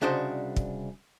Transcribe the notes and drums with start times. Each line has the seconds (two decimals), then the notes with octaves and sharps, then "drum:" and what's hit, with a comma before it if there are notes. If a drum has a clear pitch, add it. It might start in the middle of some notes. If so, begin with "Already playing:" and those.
0.02 C2 C#3 D4 F#4 C5 D#5
0.56 drum: kick